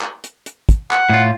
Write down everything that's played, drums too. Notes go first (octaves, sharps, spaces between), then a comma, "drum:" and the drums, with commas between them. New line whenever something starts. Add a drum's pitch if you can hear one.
drum: clap
drum: hi-hat
drum: hi-hat
drum: kick, hi-hat
F#5, drum: clap
A2 F4